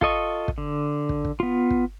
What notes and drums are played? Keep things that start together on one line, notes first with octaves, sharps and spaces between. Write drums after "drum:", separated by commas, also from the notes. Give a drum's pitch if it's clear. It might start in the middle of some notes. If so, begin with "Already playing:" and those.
F4 A4 D#5 C#6, drum: kick
drum: kick
D3
drum: kick
drum: kick
B3 F4
drum: kick